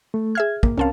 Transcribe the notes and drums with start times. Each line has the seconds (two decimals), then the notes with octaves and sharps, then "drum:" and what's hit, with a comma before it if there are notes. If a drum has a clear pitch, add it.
0.14 A3
0.35 G#4 E5 F6 G#6
0.63 A#3, drum: kick
0.77 C2 C4 C#4 A#4 F5 A5